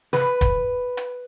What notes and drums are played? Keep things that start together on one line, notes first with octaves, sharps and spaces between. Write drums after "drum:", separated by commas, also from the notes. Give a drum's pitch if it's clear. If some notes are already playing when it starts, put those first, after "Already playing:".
B4, drum: snare
drum: kick E1, hi-hat
drum: hi-hat